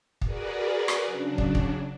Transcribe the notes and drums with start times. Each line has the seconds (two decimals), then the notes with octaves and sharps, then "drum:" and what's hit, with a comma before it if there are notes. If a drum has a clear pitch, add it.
0.21 F#4 G#4 A#4 B4 D5, drum: kick
0.88 drum: rim click
1.04 C#3 F#3 D4
1.38 drum: kick
1.55 drum: kick